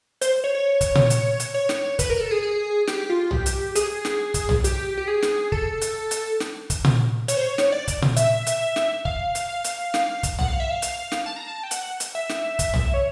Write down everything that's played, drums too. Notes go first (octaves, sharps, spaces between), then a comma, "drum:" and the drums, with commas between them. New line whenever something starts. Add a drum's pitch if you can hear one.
C5, drum: hi-hat
C#5
C#5
drum: kick, hi-hat
drum: tom A#2
drum: hi-hat
drum: hi-hat
C#5
drum: snare
B4, drum: kick, hi-hat
A#4
A4
G#4
G#4
G4, drum: snare
F4
G4, drum: tom
drum: hi-hat
G#4, drum: hi-hat
drum: snare
drum: kick, hi-hat
drum: tom
G4, drum: hi-hat
G4
G#4
drum: snare
A4, drum: kick
drum: hi-hat
drum: hi-hat
drum: snare
drum: kick, hi-hat
drum: tom A#2
C#5, drum: hi-hat
C5
C#5
drum: snare
D5
drum: kick, hi-hat
drum: tom A#2
E5, drum: hi-hat
drum: hi-hat
drum: snare
F5, drum: kick
drum: hi-hat
F5
drum: hi-hat
drum: snare
drum: kick, hi-hat
F#5, drum: tom
F5
E5
F5
drum: hi-hat
drum: snare
A5
A#5
A5
G5
F#5, drum: hi-hat
drum: hi-hat
E5
drum: snare
drum: kick, hi-hat
drum: tom
C#5